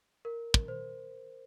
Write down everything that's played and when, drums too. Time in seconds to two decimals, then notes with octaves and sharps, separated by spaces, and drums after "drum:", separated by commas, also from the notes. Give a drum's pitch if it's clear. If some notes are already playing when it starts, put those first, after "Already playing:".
0.25 A#4
0.54 drum: kick
0.68 C5